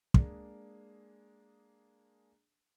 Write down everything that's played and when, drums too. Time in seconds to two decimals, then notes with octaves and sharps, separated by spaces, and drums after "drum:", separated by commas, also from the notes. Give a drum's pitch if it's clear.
0.14 G#3 A#3 D4 G#4, drum: kick